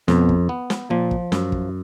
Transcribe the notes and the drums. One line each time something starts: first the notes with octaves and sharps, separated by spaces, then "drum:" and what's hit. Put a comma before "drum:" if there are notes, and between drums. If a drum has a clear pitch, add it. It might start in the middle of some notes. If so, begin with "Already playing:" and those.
F2 B2, drum: snare
drum: kick
B3
drum: snare
A#2 F3
drum: kick
F#2, drum: snare
drum: kick